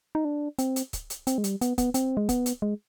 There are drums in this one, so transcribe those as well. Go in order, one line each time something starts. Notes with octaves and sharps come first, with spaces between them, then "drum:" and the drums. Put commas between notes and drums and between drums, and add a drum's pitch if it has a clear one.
D#4
D4
C4, drum: hi-hat
drum: hi-hat
drum: kick C#1, hi-hat
drum: hi-hat
C4, drum: hi-hat
G#3
G3, drum: hi-hat
B3, drum: hi-hat
B3, drum: kick C#1, hi-hat
C4, drum: hi-hat
G#3
B3, drum: kick C#1, hi-hat
drum: hi-hat
G#3